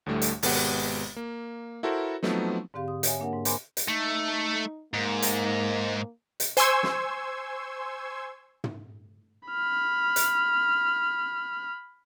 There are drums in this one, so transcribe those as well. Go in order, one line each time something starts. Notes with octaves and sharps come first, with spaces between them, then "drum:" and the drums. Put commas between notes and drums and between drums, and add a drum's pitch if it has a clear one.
D2 A2 D3 G3 A3
drum: hi-hat
G#1 B2 G#3 B3 G4 F#5, drum: open hi-hat
A#3
E4 F#4 A4 A#4 C5
F3 F#3 A3 B3 C4 D#4, drum: snare
G#2 D3 C4 G4 F5
D#6
C#5 E5 G#5, drum: hi-hat
A#3 D4 A#4 F#5
G#2
A#4 C5 G#5 B5 C6 D6, drum: hi-hat
drum: hi-hat
A3 D#4
G#2 A#3
drum: hi-hat
drum: hi-hat
C5 G#5 C6 C#6 E6 G#6, drum: hi-hat
drum: snare
drum: tom
B5 F6
drum: hi-hat